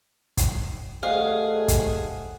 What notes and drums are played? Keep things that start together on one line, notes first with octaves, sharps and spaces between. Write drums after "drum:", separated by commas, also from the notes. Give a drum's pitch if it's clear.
drum: kick, hi-hat
D#2 G3 A3 G#4 D#5 F5 F#5
drum: kick, hi-hat